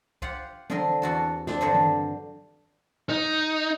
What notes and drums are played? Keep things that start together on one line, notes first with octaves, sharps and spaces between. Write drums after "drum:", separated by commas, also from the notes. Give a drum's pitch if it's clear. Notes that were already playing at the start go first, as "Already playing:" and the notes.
F4 G4 F5 F#5, drum: kick C2
D3 C4 A#4 D#5 C6, drum: tom E3
E2 F#4 A4
C4 D4, drum: snare
G2 D3 F#3 C5 D5 A#5
drum: tom D#3
D#4